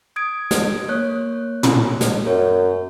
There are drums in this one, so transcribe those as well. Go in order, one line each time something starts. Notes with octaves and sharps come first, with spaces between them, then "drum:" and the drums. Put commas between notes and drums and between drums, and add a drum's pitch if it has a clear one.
D#6 G#6 D7
drum: snare
A#3 C#5 F#6
drum: tom
drum: snare
F#2 C#5